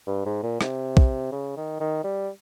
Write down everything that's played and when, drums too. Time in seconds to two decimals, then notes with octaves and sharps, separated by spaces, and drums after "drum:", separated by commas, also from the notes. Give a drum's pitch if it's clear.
0.07 G2
0.26 G#2
0.43 A#2
0.61 C3, drum: rim click
0.97 drum: kick
1.32 C#3
1.57 D#3
1.80 D#3
2.04 G3